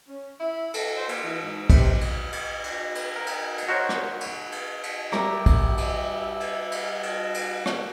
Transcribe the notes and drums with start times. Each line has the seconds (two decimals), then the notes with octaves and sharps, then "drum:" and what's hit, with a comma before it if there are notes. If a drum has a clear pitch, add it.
0.08 C#4
0.40 E4
0.74 A4, drum: cymbal
0.97 C5
1.09 A#3, drum: cymbal
1.23 E3
1.42 G#2
1.70 C3, drum: kick, cymbal
2.01 drum: cymbal
2.32 drum: cymbal
2.64 drum: cymbal
2.95 drum: cymbal
3.16 A#4
3.26 drum: cymbal
3.58 drum: cymbal
3.68 F#4 A#4 C5 C#5
3.89 drum: rim click
4.21 drum: cymbal
4.52 drum: cymbal
4.83 drum: cymbal
5.12 G3 A#4 E5 D6, drum: rim click
5.46 drum: kick, cymbal
5.78 drum: cymbal
6.40 drum: cymbal
6.72 drum: cymbal
7.03 drum: cymbal
7.34 drum: cymbal
7.66 drum: rim click